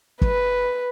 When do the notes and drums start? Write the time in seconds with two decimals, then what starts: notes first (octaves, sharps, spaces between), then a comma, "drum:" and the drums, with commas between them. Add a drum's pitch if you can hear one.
0.21 B4, drum: kick